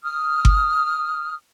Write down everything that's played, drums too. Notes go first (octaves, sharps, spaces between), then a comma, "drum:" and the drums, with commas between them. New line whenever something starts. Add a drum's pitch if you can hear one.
D#6 F6
drum: kick G1